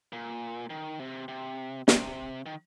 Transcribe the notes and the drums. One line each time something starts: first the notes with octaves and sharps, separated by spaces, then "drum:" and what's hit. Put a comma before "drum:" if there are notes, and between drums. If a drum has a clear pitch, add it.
A#2
D#3
C3
C3
C3, drum: snare
D#3